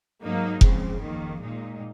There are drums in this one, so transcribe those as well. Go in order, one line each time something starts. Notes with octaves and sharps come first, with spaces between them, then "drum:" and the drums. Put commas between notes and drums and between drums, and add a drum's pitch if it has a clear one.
G#2 F#3 A#3 D#4
C#2 C#3 F3 C4, drum: kick F1
F2 D#3 A#3
A#2 G#3 D#4